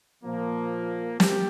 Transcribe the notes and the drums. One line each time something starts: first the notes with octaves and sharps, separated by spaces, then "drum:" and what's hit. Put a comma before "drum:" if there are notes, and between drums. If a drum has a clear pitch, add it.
A#2 F3 A#3
G4, drum: snare